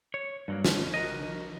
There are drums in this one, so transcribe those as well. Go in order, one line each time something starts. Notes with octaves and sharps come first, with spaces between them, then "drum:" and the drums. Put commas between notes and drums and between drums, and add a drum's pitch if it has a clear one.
C#5
G2 F#3 A#3
A3 C#4, drum: snare
F#4 A#4 D#5